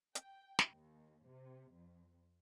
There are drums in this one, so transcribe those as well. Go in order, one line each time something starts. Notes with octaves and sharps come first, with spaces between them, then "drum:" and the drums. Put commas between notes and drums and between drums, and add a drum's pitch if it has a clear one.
G5, drum: hi-hat
drum: snare
D#2
C3
F2